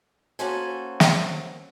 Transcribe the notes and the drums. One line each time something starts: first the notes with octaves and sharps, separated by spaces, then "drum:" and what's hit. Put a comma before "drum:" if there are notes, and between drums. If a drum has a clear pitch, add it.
A#3 C#4 F#4 A4 C5 G#5
drum: snare